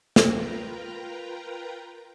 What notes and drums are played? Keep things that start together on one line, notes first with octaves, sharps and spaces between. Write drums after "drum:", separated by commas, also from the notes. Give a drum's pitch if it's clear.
F4 A#4 B4 G5 A#5, drum: snare